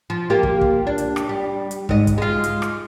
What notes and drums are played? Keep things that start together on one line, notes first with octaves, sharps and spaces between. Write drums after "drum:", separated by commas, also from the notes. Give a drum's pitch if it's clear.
F3
A#3 F4 G4
drum: kick
drum: kick
D4
drum: hi-hat
drum: rim click
G3
drum: hi-hat
G#2 D#5, drum: kick
drum: kick, hi-hat
G#3 F4
drum: hi-hat
drum: rim click